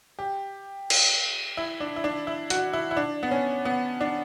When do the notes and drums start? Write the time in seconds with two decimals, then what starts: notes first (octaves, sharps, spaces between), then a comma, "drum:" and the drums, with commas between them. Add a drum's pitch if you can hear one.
0.19 G4
0.90 drum: cymbal
1.57 E4
1.80 D4
1.96 E4
2.04 D4
2.27 E4
2.50 F#4, drum: hi-hat
2.73 E4
2.91 E4
2.97 D4
3.23 B3
3.31 C#4
3.65 B3
4.01 D4